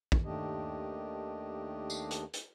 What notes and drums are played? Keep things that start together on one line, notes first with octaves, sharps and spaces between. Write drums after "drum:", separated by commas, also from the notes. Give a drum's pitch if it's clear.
drum: kick
D#2 D#3 A3 D4 G4 D#5
drum: tambourine
drum: hi-hat
drum: hi-hat